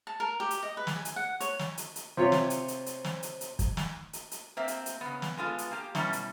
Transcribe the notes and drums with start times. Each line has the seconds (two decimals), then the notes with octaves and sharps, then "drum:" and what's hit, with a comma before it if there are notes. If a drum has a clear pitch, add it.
0.07 A5
0.20 A#4
0.40 G4
0.51 drum: hi-hat
0.63 D#5
0.77 B4
0.87 drum: snare
0.96 G#5
1.05 drum: hi-hat
1.16 F#5
1.40 C#5, drum: hi-hat
1.59 drum: snare
1.78 drum: hi-hat
1.96 drum: hi-hat
2.17 C3 F4 C5 C#5
2.32 drum: snare
2.50 drum: hi-hat
2.68 drum: hi-hat
2.86 drum: hi-hat
3.04 drum: snare
3.23 drum: hi-hat
3.41 drum: hi-hat
3.59 drum: kick, hi-hat
3.77 drum: snare
4.13 drum: hi-hat
4.31 drum: hi-hat
4.57 A#3 C4 E5
4.68 drum: hi-hat
4.86 drum: hi-hat
5.01 C#3 B3
5.22 drum: snare
5.37 G#3 B3 F4 A4
5.58 drum: hi-hat
5.71 A#3 G4
5.95 B2 G3 C#4 E4 A#5, drum: snare
6.13 drum: hi-hat